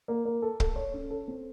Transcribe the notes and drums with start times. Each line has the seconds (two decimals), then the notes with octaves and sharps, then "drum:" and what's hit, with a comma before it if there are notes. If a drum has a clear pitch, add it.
0.08 A#3
0.25 A#3
0.42 A4
0.60 A4, drum: kick
0.76 C#5
0.94 C#4
1.10 A4
1.28 C4